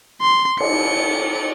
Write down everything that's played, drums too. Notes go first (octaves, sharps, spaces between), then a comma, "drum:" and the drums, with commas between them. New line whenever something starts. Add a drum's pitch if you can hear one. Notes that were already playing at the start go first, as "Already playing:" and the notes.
C6
C#7, drum: cymbal